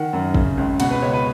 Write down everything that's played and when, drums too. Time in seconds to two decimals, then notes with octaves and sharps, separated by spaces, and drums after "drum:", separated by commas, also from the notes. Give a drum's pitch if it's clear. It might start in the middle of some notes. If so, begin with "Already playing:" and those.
Already playing: D#3 F#5
0.13 F#2
0.34 C#3, drum: kick
0.58 C#2
0.80 B2 F#5, drum: cymbal
0.91 B4
1.02 C#2 C#5
1.13 B4